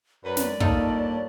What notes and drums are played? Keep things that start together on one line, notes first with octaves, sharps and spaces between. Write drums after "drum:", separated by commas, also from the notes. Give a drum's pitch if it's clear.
F#2 B4 D5
drum: snare
G2 A#3 D#4 F4 A4 C#5 A5, drum: kick